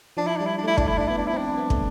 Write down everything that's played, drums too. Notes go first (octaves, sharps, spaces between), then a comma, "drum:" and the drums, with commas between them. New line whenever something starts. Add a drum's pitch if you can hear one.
F3 D4
E4
G3 D4
E4
D4
A3 E4
D4, drum: kick
A3 E4
D4
B3 E4
D4
E4
C4 D4
B3
A3, drum: kick